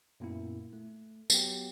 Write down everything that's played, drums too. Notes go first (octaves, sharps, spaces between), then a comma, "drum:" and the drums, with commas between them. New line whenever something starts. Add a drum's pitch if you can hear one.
F#2 A#2 A#3 B3 E4
A3
F#3 B3 G4 G5, drum: tambourine